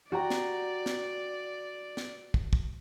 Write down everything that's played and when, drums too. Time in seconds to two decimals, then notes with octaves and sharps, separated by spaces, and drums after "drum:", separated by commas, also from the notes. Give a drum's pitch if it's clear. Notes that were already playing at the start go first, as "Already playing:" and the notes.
0.12 F#4 D5 G5 A#5
0.30 drum: snare
0.86 drum: snare
1.97 drum: snare
2.34 drum: kick
2.53 drum: kick